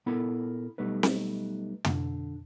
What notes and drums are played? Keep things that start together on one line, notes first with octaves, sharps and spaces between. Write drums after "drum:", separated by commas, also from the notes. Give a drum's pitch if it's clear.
A#2 B3 E4 A4 A#4 B5
B1 B2 G3 A3 D#4 B4
drum: snare C4
D3, drum: tom